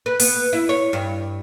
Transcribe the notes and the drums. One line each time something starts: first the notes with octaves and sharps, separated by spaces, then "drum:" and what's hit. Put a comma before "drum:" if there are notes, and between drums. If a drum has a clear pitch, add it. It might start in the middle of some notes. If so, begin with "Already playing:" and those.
B4
B3, drum: open hi-hat
E4
C#5
G2